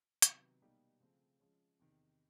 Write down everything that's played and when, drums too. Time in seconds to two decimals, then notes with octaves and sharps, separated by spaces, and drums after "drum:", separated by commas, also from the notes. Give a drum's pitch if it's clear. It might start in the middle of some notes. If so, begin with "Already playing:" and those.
0.22 C3 D#3 F#3 B3, drum: hi-hat
0.62 B2 G3 A#3 D#4 G4
1.00 C#3 F3 A3 C4
1.40 F3 G#3 C#4
1.79 E2 C3 D#3